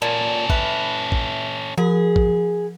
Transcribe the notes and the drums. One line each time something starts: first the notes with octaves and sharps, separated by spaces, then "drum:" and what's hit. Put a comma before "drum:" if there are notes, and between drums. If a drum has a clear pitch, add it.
A#2 C#4 A4
B4 E5, drum: kick
drum: kick
F3 G#4 A#4
drum: kick